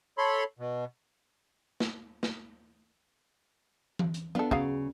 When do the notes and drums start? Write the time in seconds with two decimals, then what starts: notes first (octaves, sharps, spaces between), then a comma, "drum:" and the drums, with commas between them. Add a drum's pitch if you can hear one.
0.18 A4 C#5 B5 C6
0.59 B2
1.80 drum: snare
2.23 drum: snare
3.99 drum: tom E3
4.14 drum: hi-hat
4.35 B3 D4 F4 A4
4.51 C#3 F#3 B3 F5, drum: kick